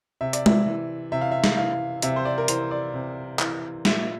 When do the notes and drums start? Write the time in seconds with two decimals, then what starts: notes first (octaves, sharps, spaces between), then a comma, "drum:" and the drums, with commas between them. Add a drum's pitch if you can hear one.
0.21 C3 E5
0.33 D5, drum: hi-hat
0.46 E5, drum: tom G#3
0.66 E3
1.12 C3 E5
1.21 F5
1.31 E5
1.44 drum: snare
1.57 E3 F5
2.02 C3 E5, drum: hi-hat
2.16 C5
2.25 D5
2.38 A#4
2.48 E3 C5, drum: hi-hat
2.71 D5
2.94 C3
3.39 E3, drum: clap
3.85 A#2 E5, drum: snare